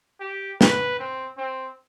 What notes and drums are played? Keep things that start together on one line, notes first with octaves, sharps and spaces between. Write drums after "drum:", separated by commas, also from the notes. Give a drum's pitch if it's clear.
G4
B4, drum: snare
C4
C4